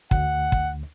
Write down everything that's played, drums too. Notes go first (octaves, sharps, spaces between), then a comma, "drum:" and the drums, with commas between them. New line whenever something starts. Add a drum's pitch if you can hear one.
D2 F#5, drum: kick
drum: kick